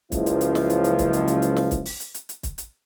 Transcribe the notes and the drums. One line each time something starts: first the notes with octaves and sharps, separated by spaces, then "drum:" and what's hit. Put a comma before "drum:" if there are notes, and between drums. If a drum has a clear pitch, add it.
F#1 C#2 F3 E4, drum: kick, hi-hat
drum: hi-hat
drum: hi-hat
drum: snare
drum: hi-hat
drum: hi-hat
drum: kick, hi-hat
drum: hi-hat
drum: hi-hat
drum: hi-hat
drum: snare
drum: kick, hi-hat
drum: open hi-hat
drum: hi-hat
drum: hi-hat
drum: hi-hat
drum: kick, hi-hat
drum: hi-hat